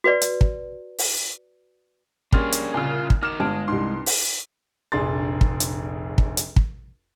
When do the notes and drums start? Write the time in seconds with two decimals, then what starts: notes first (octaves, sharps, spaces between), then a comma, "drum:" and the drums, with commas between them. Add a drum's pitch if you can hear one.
0.04 F#4 B4 D5
0.22 drum: hi-hat
0.41 drum: kick
0.98 drum: open hi-hat
2.33 G3 A#3 C#4 D4 G#4 C6 F6 A6, drum: kick
2.52 drum: hi-hat
2.74 C2 A#2 C#3 F4 G#5
3.10 drum: kick
3.23 D#4 F#4 A#4 D6 F6 E7
3.40 G1 G#3 A5 D7
3.68 C2 G2 D#4 C6
4.06 drum: open hi-hat
4.92 F1 A#1 D4 G#4 C6 A6
5.41 drum: kick
5.60 drum: hi-hat
6.18 drum: kick
6.37 drum: hi-hat
6.56 drum: kick